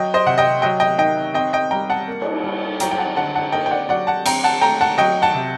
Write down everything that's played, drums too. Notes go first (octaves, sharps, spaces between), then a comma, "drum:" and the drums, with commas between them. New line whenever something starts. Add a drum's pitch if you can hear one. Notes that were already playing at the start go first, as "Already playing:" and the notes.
Already playing: F#3 D#5 G5
C5 D#5
C3 F#5
D#5 G5
F#3 D#5 G5
D#5 G5
D#3 D#5 G5
C4 D#5 G5
D#5 G5
G3 G5 A#5
F#5 A5
A#3
drum: cymbal
G3
F#3 G5 A#5, drum: hi-hat
G5
F#5 A5
D3 F#5 A5
F#5 A5
A#3 D#5 G5
G5
D5 F#5
F#3 D5 F#5
F#5 A5
C4 G5 A#5, drum: cymbal
F#5 A5
A3 G5 A#5
F#5 A5
F#3 D#5 G5
F#5 A5
C3